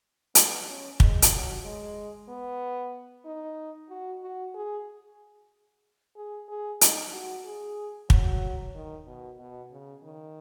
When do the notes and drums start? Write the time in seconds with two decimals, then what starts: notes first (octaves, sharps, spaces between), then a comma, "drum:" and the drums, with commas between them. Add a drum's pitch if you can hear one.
0.35 B3, drum: hi-hat
0.68 C#4
1.00 G#3, drum: kick
1.22 drum: hi-hat
1.32 F#3
1.64 G#3
2.29 B3
3.26 D#4
3.90 F#4
4.23 F#4
4.55 G#4
6.16 G#4
6.49 G#4
6.81 D#4, drum: hi-hat
7.13 F#4
7.45 G#4
8.10 F#3, drum: kick
8.75 D#3
9.07 B2
9.39 B2
9.72 C#3
10.03 D#3